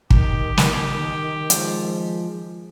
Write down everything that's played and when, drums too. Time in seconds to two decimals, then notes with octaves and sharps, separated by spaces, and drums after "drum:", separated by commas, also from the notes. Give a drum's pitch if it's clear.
0.10 D#3 G4, drum: kick
0.57 drum: snare
1.50 F3 G#3, drum: hi-hat